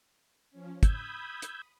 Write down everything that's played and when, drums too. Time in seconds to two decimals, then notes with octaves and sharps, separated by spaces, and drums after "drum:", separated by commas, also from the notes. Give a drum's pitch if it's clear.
0.51 F3 C#4
0.83 B5 D#6 E6 G6 G#6, drum: kick, hi-hat
1.42 drum: hi-hat